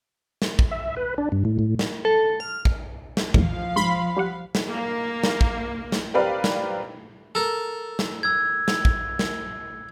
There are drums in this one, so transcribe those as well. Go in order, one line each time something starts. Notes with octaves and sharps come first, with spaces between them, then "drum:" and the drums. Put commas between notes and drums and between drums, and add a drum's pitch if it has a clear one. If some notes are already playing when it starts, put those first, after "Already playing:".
drum: snare
drum: kick
E5
B4
D4
G2
A2
A2
drum: snare
A4
F6
drum: kick
drum: snare
A#1 E2 A2 F3 F5, drum: kick
G#2 B5 C6
G3 G4 F#5
drum: snare
A#3
drum: snare
drum: kick
drum: snare
C4 G4 A#4 B4 D5 F5
drum: snare
A4 A#4
drum: snare
E6 G#6
drum: snare
drum: kick
drum: snare